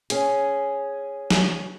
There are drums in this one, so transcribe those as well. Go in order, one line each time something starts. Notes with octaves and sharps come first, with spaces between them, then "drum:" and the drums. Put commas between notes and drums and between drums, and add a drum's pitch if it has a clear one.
C#4 G#4, drum: hi-hat
drum: snare